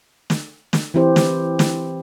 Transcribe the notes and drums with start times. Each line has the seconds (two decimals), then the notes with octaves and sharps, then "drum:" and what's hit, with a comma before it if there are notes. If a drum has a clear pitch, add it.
0.30 drum: snare
0.73 drum: snare
0.94 E3 C4 E4 G4 C5
1.16 drum: snare
1.59 drum: snare